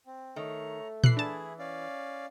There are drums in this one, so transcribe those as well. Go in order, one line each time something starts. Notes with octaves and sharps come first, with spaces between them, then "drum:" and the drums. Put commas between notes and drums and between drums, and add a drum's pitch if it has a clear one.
C4
D#3 A3 C#5 A#5
E3 F#6 C7, drum: tom A#2
D4 E4 G#4 A5
C#4 D5 F5